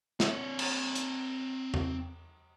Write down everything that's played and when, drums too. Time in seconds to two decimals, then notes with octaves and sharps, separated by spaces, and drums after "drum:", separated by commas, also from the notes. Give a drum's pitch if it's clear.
0.20 C4 C#5, drum: snare
0.59 drum: cymbal
0.95 drum: hi-hat
1.74 drum: tom E2